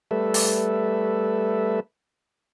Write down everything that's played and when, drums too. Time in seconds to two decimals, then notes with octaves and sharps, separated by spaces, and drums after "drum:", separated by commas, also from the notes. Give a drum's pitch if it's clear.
0.11 G3 A3 A4 B4 E5
0.34 drum: open hi-hat